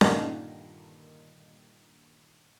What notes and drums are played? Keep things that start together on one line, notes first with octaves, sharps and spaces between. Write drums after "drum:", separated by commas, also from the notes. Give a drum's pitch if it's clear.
G2 A#2 D3 D#3, drum: snare C#4